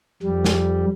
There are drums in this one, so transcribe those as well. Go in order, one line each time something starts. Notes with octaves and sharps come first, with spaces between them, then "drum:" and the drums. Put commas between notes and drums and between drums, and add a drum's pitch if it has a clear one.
F2 G3
drum: snare